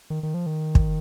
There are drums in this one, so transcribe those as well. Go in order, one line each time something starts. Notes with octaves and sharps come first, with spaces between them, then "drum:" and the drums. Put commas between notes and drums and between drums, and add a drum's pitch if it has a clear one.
D#3
D#3
F3
D#3
drum: kick